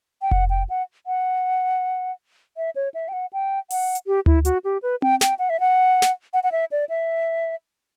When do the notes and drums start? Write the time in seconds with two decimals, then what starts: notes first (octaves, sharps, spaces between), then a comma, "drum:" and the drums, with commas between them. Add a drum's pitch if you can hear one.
0.22 G5
0.31 F#5, drum: kick F1
0.50 G5
0.69 F#5
1.07 F#5
2.57 E5
2.76 C#5
2.94 E5
3.08 G5
3.13 F#5
3.33 G5
3.70 F#5, drum: open hi-hat
3.95 drum: hi-hat
4.07 G4
4.26 E4, drum: tom D2
4.45 F#4, drum: hi-hat
4.64 G4
4.82 B4
5.02 G5, drum: tom C4
5.21 G5, drum: snare
5.39 F#5
5.50 E5
5.60 F#5
6.02 drum: snare
6.33 F#5
6.44 F#5
6.52 E5
6.71 D5
6.89 E5